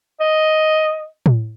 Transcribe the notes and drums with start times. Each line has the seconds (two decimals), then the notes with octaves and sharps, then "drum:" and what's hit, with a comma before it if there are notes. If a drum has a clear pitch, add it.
0.21 D#5
1.26 drum: tom A2